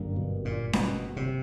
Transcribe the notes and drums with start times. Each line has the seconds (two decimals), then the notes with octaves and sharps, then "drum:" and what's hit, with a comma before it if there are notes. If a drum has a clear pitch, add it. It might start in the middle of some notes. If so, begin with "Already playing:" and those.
Already playing: G1 F#2 D3 G3 A#3
0.16 B2
0.45 A#2
0.73 B2, drum: snare C#4
1.16 C3